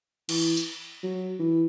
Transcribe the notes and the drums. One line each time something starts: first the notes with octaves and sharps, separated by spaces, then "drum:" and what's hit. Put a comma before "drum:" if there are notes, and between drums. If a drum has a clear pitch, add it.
E3, drum: cymbal
drum: tambourine
F#3
E3